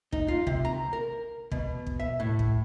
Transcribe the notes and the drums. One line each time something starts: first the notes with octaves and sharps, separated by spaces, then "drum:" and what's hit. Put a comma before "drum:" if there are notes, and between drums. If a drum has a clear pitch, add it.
D#4, drum: kick
F4
C3, drum: kick
A#5
A#4
B2, drum: kick
drum: kick
E5
A2
drum: kick